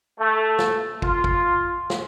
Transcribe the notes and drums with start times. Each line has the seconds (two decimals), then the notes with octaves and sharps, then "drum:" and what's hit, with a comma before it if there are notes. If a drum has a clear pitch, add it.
0.20 A3
0.59 drum: snare
1.02 F4, drum: kick
1.24 drum: kick
1.90 drum: snare